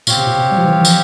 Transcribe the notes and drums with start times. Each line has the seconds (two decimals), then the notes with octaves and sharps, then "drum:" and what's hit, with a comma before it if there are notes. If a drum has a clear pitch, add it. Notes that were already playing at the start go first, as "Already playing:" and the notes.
0.07 A#2 C4 G4 C#5 F5, drum: tambourine
0.17 C3
0.26 A#2
0.36 C3
0.51 G3
0.58 F3
0.65 E3
0.81 E3
0.85 F3, drum: tambourine